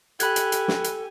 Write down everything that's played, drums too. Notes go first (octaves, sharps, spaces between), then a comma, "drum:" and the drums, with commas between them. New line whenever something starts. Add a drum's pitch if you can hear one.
G4 A4 G#5 B5 F#6 G#6, drum: hi-hat
drum: hi-hat
drum: hi-hat
drum: snare
drum: hi-hat